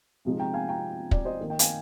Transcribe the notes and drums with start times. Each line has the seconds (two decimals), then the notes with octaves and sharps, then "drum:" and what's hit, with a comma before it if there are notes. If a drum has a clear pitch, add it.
0.25 C3 F3 G#3 D#4
0.40 G5 A#5
0.54 F5 G#5
0.69 G5 A#5
1.11 D5, drum: kick
1.25 C5 D#5
1.40 D#3 A#3 D#4
1.50 D#5 G5
1.59 F5 G#5, drum: hi-hat